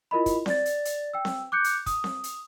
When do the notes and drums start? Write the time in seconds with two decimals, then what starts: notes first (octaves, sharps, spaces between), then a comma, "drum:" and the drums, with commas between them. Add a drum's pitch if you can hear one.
0.11 E4 F4 A#4 D#5 B5
0.26 drum: kick, hi-hat
0.46 D5 A6, drum: snare C4
0.65 drum: hi-hat
0.85 drum: hi-hat
1.13 G5 E6
1.25 drum: snare C4
1.52 D6 F#6 G6 C#7
1.64 drum: hi-hat
1.86 D#6, drum: kick, hi-hat
2.04 drum: snare C4
2.24 drum: hi-hat